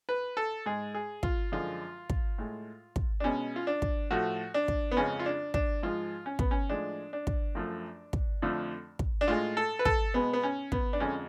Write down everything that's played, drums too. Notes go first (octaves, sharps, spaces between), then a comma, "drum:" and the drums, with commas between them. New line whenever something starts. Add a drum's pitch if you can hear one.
B4
A4
G#2 G#3 G#4
G#4
F4, drum: kick
F#2 D3 F3 G#3 F4
drum: kick
A2 G#3
drum: kick
D4
B2 G#3 C#4
F4
D4
drum: kick
A2 F3 A3 F#4
D4
drum: kick
B3
F2 C#3 G#3 C#4
F4
D4
D4, drum: kick
G#2 F3 G#3 F4
C#4
B3, drum: kick
C#4
A2 F3 G#3 D4
D4
drum: kick
F#2 F3 A3
drum: kick
F2 D3 F3 A3
drum: kick
D4
A2 G#3 F4
A4
B4
A4, drum: kick
B2 G#3 B3
B3
C#4
B3, drum: kick
D4
F2 D3 G#3 C#4